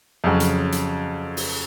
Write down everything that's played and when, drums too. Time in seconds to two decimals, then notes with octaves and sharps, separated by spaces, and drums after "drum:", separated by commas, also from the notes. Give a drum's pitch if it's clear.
0.24 F2 C#3 F#3
0.40 drum: hi-hat
0.72 drum: hi-hat
1.37 drum: open hi-hat